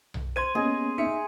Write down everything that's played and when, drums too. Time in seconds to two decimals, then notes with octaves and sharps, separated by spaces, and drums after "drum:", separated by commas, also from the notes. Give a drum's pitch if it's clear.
0.14 drum: tom B1
0.36 C5 C6 G#6 D#7
0.55 A#3 B3 C#4 G#4 D#5
0.98 D#4 E5 C#7